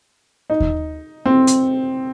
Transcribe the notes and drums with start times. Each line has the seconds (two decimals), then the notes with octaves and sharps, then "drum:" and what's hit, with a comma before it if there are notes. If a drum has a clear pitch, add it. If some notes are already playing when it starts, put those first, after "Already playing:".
0.50 D#4
0.60 drum: kick D#2
1.26 C4
1.47 drum: hi-hat